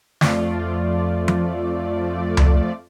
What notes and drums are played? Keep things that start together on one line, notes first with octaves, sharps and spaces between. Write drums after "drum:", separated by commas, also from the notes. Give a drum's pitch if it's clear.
F2 F3 A3 F4 D5, drum: snare
drum: tom F3
drum: tom C#2